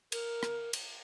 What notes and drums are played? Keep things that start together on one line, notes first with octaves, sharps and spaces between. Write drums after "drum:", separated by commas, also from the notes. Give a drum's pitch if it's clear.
A#4, drum: cymbal
drum: rim click
drum: cymbal